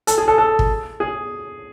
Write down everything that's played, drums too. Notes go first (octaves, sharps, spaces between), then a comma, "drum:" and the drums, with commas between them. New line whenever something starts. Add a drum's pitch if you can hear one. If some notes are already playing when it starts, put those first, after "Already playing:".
A4, drum: hi-hat
G#4
A4
A4
drum: kick
G#4